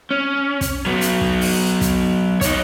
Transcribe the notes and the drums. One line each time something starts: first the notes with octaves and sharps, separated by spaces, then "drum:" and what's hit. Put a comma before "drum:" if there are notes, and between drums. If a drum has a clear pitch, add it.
C#4
drum: kick, hi-hat
F#3 B3
drum: hi-hat
drum: kick
drum: open hi-hat
drum: kick, hi-hat
D#4 C#5, drum: kick, hi-hat